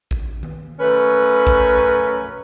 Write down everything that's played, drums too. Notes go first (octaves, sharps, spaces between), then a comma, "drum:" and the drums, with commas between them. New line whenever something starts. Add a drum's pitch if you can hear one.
drum: kick A1
drum: tom D#3
F#2 A3 C#4 B4
drum: kick A1